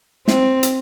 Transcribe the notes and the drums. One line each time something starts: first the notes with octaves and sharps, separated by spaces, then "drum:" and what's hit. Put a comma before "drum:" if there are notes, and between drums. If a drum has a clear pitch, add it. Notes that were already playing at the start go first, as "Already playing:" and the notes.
C4, drum: snare
drum: hi-hat